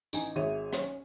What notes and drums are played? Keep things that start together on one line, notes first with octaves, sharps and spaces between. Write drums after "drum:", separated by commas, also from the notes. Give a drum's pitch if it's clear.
A1 D#4 G#5, drum: tambourine
G#1 G#4 C#5 E5 D#7
C#4, drum: rim click